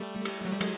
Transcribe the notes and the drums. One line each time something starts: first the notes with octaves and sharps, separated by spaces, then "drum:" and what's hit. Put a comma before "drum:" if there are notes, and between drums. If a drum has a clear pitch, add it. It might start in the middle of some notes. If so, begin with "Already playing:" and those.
Already playing: G3 A3
drum: cymbal
F#3
G3
F#3 G#3, drum: cymbal